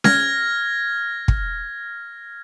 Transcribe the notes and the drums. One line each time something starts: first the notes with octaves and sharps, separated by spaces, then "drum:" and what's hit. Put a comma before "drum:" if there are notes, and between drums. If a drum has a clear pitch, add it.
F6 G#6 A#6, drum: snare C#4
drum: kick